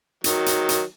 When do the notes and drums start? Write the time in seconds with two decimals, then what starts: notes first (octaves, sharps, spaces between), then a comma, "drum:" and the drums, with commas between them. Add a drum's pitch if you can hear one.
0.24 D#3 F#3, drum: hi-hat
0.46 drum: hi-hat
0.69 drum: hi-hat